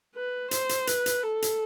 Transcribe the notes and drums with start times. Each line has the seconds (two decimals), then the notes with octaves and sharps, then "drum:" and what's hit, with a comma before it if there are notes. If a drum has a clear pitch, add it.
0.15 B4
0.51 C5, drum: hi-hat
0.69 drum: hi-hat
0.87 B4, drum: hi-hat
1.06 drum: hi-hat
1.24 A4
1.42 drum: hi-hat